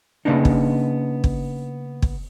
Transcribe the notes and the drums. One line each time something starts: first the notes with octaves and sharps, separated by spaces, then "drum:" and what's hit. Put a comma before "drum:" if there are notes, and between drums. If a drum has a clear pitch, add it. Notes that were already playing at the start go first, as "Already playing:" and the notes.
C#3 F3 A#3 B3 D4 D#4
drum: kick
drum: kick
drum: kick